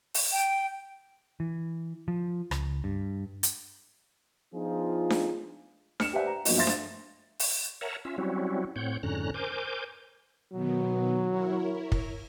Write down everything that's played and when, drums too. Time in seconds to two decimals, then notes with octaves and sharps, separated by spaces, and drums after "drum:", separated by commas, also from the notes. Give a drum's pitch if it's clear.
0.14 drum: open hi-hat
0.32 G5
1.40 E3
2.08 F3
2.51 C#2, drum: rim click
2.84 G2
3.43 drum: hi-hat
4.54 F3 B3 D4 D#4 F4 G#4
5.10 drum: snare D4
6.00 F6 C#7 E7, drum: snare D4
6.13 G4 B4 C5 D5 E5 F#5
6.27 A#5
6.45 G2 F3 F#3 A#3 B3 D#4, drum: open hi-hat
6.57 C5 E5 F5 C6 A6 A#6
6.67 drum: snare D4
7.39 drum: open hi-hat
7.81 A#4 C#5 E5 F#5 A5 A#5
8.05 C#4 F4 E5
8.18 F#3 G3 C4 C#4 E4 F#4
8.76 A2 C4 C#5 F#5 G6
9.03 F2 G#2 D3 C#4 A#5 F#6
9.34 A#4 C5 G#5 D6 G6
10.52 B2 D#3 F#3 B3
11.30 E4 A#4 C#5
11.92 drum: kick